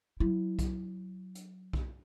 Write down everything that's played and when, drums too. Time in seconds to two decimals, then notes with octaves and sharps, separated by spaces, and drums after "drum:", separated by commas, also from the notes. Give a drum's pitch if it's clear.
0.20 F#3 E4
0.59 drum: kick B1, hi-hat
1.35 drum: hi-hat
1.73 drum: kick B1